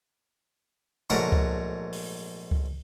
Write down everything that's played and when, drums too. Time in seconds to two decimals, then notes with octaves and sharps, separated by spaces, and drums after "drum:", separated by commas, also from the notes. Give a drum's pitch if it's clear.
1.10 A#1 G#2 F#3 A3 A#4 F#5, drum: tom
1.32 drum: kick C#2
1.93 drum: open hi-hat
2.51 drum: kick C#2